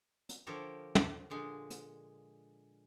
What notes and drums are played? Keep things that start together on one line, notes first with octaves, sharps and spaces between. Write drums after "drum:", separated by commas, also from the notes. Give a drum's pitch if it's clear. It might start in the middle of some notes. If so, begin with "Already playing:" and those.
drum: hi-hat
D3 F3 G4 A4 A#4 C#5
drum: tom
A#2 D3 G#3
drum: hi-hat